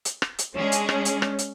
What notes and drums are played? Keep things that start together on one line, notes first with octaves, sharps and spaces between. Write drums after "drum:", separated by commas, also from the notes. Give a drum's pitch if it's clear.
drum: hi-hat
drum: rim click
drum: hi-hat
G#3 C#4 D4 G#4
drum: hi-hat
drum: rim click
drum: hi-hat
drum: rim click
drum: hi-hat